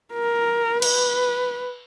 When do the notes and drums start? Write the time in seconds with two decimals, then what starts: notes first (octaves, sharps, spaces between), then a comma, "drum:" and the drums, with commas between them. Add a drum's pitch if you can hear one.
0.13 A#4
0.82 B4, drum: cymbal